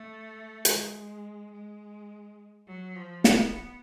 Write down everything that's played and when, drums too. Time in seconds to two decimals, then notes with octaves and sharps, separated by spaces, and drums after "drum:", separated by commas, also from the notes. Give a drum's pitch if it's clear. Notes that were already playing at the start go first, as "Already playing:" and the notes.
Already playing: A3
0.65 G#3, drum: hi-hat
1.52 G#3
2.67 F#3
2.96 F3
3.24 B3, drum: snare